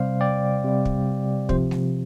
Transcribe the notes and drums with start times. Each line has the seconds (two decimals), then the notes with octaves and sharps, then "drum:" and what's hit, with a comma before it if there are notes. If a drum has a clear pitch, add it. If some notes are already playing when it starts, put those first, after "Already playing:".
Already playing: C3 G3 C5 F5
0.21 D5 G5
0.64 C3 G3
0.85 drum: kick
1.49 C3 F3 C5, drum: kick
1.71 drum: snare G#3